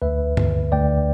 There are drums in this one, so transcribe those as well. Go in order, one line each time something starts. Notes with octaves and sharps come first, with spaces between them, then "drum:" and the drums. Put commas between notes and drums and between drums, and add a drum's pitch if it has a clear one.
D2 B4 E5
D3, drum: tom G2
D2 D5 G5